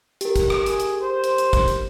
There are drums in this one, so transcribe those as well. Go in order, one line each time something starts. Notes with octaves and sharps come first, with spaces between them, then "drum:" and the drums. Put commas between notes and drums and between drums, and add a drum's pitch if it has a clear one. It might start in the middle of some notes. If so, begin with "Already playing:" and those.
G4 A#4, drum: hi-hat
drum: kick, hi-hat
drum: rim click
G#4, drum: hi-hat
drum: hi-hat
C5
drum: hi-hat
drum: hi-hat
drum: kick, hi-hat
drum: hi-hat